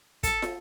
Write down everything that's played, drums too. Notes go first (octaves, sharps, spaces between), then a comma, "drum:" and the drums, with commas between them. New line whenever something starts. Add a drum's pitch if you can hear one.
A4, drum: kick, hi-hat
drum: snare